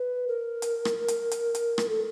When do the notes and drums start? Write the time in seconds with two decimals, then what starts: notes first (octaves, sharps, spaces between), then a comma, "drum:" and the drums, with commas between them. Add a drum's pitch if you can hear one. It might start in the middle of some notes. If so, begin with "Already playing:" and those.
Already playing: B4
0.28 A#4
0.62 drum: hi-hat
0.85 drum: rim click
1.08 drum: hi-hat
1.31 drum: hi-hat
1.55 drum: hi-hat
1.78 drum: rim click
1.89 A4